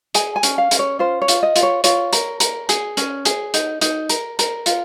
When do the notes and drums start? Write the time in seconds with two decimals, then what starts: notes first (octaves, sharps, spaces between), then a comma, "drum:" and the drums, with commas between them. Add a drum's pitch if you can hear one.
0.14 G#4 G#5, drum: hi-hat
0.36 G#5
0.43 C#4, drum: hi-hat
0.58 F5
0.71 C#4, drum: hi-hat
0.79 C#5
0.99 F4 C5
1.22 C#5
1.28 F4, drum: hi-hat
1.43 D#5
1.56 F4, drum: hi-hat
1.63 C#5
1.84 F4 C#5, drum: hi-hat
2.13 A#4, drum: hi-hat
2.40 A#4, drum: hi-hat
2.69 G#4, drum: hi-hat
2.97 C#4, drum: hi-hat
3.25 G#4, drum: hi-hat
3.54 D#4, drum: hi-hat
3.81 D#4, drum: hi-hat
4.09 A#4, drum: hi-hat
4.39 A#4, drum: hi-hat
4.66 F4, drum: hi-hat